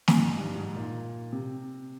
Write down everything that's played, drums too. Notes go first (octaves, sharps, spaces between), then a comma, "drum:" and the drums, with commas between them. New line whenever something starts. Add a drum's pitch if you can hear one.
drum: snare
G#2
G2
G#2
A#2
C3